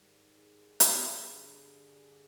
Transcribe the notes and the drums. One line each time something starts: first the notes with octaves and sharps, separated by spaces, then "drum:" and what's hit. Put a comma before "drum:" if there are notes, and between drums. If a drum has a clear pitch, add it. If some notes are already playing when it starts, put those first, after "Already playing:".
Already playing: G#2 D#3 G3
G#4
G#4, drum: hi-hat
G2 D3 G3